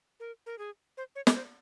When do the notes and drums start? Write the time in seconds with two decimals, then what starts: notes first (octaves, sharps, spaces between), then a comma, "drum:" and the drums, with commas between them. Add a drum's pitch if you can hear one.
0.20 A#4
0.46 A#4
0.58 G#4
0.97 C5
1.15 C#5
1.27 A#4, drum: snare
1.35 C5